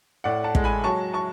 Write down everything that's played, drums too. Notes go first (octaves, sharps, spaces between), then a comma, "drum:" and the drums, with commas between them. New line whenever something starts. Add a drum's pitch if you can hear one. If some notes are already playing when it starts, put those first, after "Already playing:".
A2 D5 F#5
F#5 A5
G#3, drum: kick
G#5 B5
F#3 A5 C#6
A5 C#6